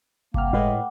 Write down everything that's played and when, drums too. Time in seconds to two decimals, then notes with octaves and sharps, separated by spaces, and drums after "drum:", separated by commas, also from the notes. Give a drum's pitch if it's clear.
0.34 C2 A#3 F#5 G5 D6 F6, drum: kick G1
0.53 A2 G#3 A3 B4 F5